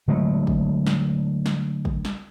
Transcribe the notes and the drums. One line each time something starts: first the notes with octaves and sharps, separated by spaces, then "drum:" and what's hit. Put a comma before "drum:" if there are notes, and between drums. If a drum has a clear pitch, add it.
D3 F#3 G#3 A3
drum: kick
drum: snare
drum: snare
drum: kick
drum: snare